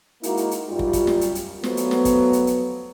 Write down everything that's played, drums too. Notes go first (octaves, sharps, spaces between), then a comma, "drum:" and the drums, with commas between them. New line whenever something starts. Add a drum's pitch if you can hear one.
G#3 A#3 D#4 E4 F#4 A#4, drum: hi-hat
drum: hi-hat
drum: hi-hat
F#2 G3 F4
drum: kick
drum: kick, hi-hat
drum: snare
drum: hi-hat
drum: hi-hat
F3 F#3 A3 B3, drum: snare
drum: hi-hat
drum: snare
drum: kick, hi-hat
drum: hi-hat
drum: hi-hat